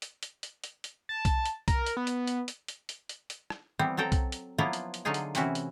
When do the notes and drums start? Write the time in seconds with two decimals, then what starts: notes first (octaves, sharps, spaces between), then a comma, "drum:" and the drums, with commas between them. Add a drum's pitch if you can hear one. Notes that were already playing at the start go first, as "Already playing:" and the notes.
0.02 drum: hi-hat
0.23 drum: hi-hat
0.43 drum: hi-hat
0.64 drum: hi-hat
0.84 drum: hi-hat
1.09 A5
1.25 drum: kick B1, hi-hat
1.46 drum: hi-hat
1.68 A#4, drum: kick B1, hi-hat
1.86 drum: hi-hat
1.97 B3
2.07 drum: hi-hat
2.27 drum: hi-hat
2.48 drum: hi-hat
2.68 drum: hi-hat
2.89 drum: hi-hat
3.09 drum: hi-hat
3.30 drum: hi-hat
3.50 drum: rim click
3.79 E3 G3 B3 C4
3.97 F#3 C4 A4 G5 A#5
4.12 drum: kick B1, hi-hat
4.32 drum: hi-hat
4.58 F3 F#3 A#3 B3 E4 F4
4.73 drum: hi-hat
4.94 drum: hi-hat
5.05 D3 F#3 A3 D#4 F4 G#4
5.14 drum: hi-hat
5.35 C3 E3 C4 C#4 E4 F#4, drum: hi-hat
5.55 drum: hi-hat